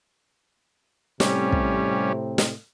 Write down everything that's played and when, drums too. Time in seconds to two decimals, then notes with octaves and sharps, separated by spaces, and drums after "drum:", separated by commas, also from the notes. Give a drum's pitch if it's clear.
1.20 A2 C3 G3 C4 C#4, drum: snare
1.52 drum: kick
2.38 drum: snare